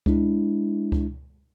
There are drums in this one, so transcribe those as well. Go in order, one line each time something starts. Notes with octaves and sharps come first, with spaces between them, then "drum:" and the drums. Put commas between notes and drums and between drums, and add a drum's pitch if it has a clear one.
G#3 D4 E4, drum: kick C#2
drum: kick C#2